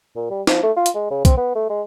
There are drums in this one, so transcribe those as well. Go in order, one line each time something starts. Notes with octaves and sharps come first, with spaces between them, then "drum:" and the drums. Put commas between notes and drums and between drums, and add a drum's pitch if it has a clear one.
A#2
G3
F3, drum: snare
A3
F4
drum: hi-hat
G#3
C#3
C4, drum: kick B1, hi-hat
B3
A3
G#3